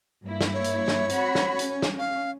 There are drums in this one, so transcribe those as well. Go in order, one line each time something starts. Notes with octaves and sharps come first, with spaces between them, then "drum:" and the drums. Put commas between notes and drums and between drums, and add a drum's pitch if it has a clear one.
G2 A#3 E4
drum: snare
C#5
drum: hi-hat
drum: snare
C4 F#4 B5, drum: hi-hat
drum: snare
C#4, drum: hi-hat
drum: snare
F5